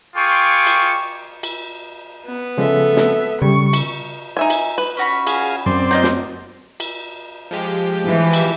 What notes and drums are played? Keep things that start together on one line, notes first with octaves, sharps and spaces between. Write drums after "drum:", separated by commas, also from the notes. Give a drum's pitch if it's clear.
F4 G#4 G5 C#6 D6
drum: cymbal
drum: cymbal
B3
C#3 F3 G#3 A4 E5
drum: snare
C#3 G3 C#6
drum: cymbal
D#4 E5 G#5
drum: cymbal
B4
C#4 F#4 B5
G#4 F5 D#6, drum: cymbal
F#2 C4 D5 C6
F#3 F4 D#5 G6
drum: snare
drum: cymbal
F3 G#3 G4
E3
drum: cymbal